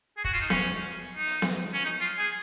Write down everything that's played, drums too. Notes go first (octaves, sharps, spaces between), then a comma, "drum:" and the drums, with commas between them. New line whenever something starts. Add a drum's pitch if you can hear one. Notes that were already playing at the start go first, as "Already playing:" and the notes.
G#4
F#4, drum: kick
F4
D#4
C#4, drum: snare B3
D#4
drum: open hi-hat
drum: snare B3
C#4
D#4
F4
G#4